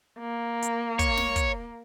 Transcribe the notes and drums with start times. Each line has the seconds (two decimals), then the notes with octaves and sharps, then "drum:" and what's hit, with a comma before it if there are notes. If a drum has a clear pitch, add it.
0.19 A#3
0.62 drum: hi-hat
0.99 C#5, drum: kick, hi-hat
1.17 drum: snare
1.36 drum: kick, hi-hat